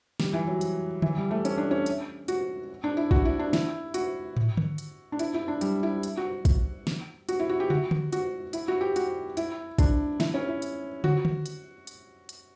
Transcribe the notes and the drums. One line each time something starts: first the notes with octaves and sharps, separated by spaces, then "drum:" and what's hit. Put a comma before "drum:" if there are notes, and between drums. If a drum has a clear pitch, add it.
G3, drum: snare
E3
F#3
drum: hi-hat
E3, drum: tom D3
G3
A3
C#4, drum: hi-hat
D4
C#4
drum: hi-hat
F#4, drum: hi-hat
D4
E4
F#4, drum: kick
E4
D4
E4, drum: snare
F#4, drum: hi-hat
drum: tom
drum: tom D3
drum: hi-hat
D4
E4, drum: hi-hat
E4
D4
G3, drum: hi-hat
E4
drum: hi-hat
F#4
drum: kick, hi-hat
drum: snare
F#4, drum: hi-hat
E4
F#4
G4
F#4, drum: tom
drum: tom D3
F#4, drum: hi-hat
E4, drum: hi-hat
F#4
G4
F#4, drum: hi-hat
E4, drum: hi-hat
D4, drum: kick, hi-hat
E4, drum: snare
C#4
E4
drum: hi-hat
F#4, drum: tom
drum: tom D3
drum: hi-hat
drum: hi-hat
drum: hi-hat